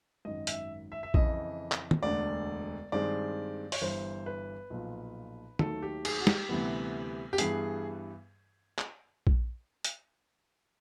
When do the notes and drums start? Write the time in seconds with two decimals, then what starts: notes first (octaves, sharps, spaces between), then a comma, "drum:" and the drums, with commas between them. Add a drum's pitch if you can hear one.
0.25 G#1 F#2 D#3 D#5
0.47 E5, drum: hi-hat
0.92 E5
1.03 E5
1.14 F2 C#3 E3 D#5, drum: kick A#1
1.72 drum: clap
1.91 drum: tom
2.03 E1 D2 D3 D5
2.92 G2 D#3 G#3 C4 D5
3.72 C#5, drum: open hi-hat
3.81 G1 G2 E3 C5
4.26 B4
4.70 B1 A#2 F3
5.59 D#2 D#3 F#3 A3 A4, drum: tom
5.82 G4
6.05 G#4, drum: cymbal
6.20 F#4
6.27 G4, drum: snare
6.49 D2 C3 E3 G3 B3
7.33 G4
7.38 G2 E3 G3 B3 G#4, drum: hi-hat
8.78 drum: clap
9.27 drum: kick A#1
9.84 drum: hi-hat